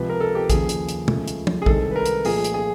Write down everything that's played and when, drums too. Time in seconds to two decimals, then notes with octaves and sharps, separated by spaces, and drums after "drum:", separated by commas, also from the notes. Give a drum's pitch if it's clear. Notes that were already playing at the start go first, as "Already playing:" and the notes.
Already playing: C#2 C3 F3 B4
0.10 A#4
0.20 A4
0.35 G4
0.50 D#2 C#3 F3 G#4, drum: kick, hi-hat
0.69 drum: hi-hat
0.89 drum: hi-hat
1.08 C#2 C#3 F3 A3, drum: tom
1.28 drum: hi-hat
1.47 drum: tom
1.62 G#4
1.66 C2 C3 D#3 G#3 A4, drum: kick
1.91 B4
1.96 A#4
2.05 drum: hi-hat
2.25 A#2 F3 A3 G#4, drum: open hi-hat
2.44 drum: hi-hat
2.54 G#4